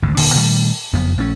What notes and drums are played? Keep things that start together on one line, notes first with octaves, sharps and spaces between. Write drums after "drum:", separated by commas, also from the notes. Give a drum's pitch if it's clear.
G#1 D2 G2 D3
D#1 D3 A#3, drum: open hi-hat
A#2 D#3 G3 A3
F#1 F2 B3
A#1 A3 C#4